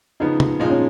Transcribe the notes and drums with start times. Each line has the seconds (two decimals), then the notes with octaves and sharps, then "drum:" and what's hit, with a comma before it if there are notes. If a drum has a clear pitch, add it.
0.20 C#3 F3 B3 D#4
0.40 drum: tom C3
0.59 A#2 F3 G#3 D#4 F4
0.70 C#4